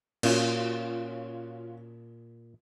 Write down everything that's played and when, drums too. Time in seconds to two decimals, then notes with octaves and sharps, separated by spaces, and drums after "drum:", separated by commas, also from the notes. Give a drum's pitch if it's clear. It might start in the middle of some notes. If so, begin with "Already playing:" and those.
0.23 A#2 C#4 F4 F#4, drum: cymbal